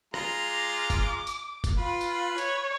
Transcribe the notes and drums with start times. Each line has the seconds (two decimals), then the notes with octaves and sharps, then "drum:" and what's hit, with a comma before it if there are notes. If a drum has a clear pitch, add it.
0.14 G#3 F4 A#5, drum: rim click
0.52 D6
0.90 drum: kick, tambourine
1.27 drum: tambourine
1.64 drum: kick, tambourine
1.78 F4 B4
2.01 drum: tambourine
2.38 C#5, drum: tambourine